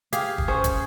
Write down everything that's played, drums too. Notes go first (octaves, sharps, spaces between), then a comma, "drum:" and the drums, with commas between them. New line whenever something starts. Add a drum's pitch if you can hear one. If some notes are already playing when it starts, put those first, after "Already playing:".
G4 G#4 F5, drum: hi-hat
drum: kick
C#4 G#4 C5
drum: kick, hi-hat